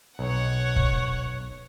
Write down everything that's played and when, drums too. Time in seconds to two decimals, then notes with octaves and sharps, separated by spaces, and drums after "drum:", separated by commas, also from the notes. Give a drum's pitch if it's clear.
0.19 B1 C#5 F#5
0.76 drum: kick